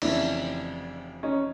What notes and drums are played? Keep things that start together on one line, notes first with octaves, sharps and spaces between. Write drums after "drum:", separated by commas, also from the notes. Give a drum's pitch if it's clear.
F1 F2 C#3 E3 D4 E4, drum: cymbal
C#4 D#4